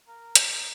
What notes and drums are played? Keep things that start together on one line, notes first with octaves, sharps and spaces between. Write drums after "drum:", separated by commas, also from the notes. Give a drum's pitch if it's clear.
A#4
drum: hi-hat